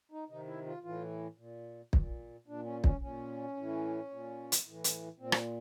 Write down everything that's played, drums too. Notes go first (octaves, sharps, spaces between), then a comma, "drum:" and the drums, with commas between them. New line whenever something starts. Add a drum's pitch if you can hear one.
D#4
C3 D#3 D#4
E4
F4
A2 E3 F4
A#2
A#2, drum: kick
A#2 D4
C#4
C#4, drum: kick
A#2 C#4
A2 E3
A#2
drum: hi-hat
A2 E3
drum: hi-hat
A#2 C4
drum: rim click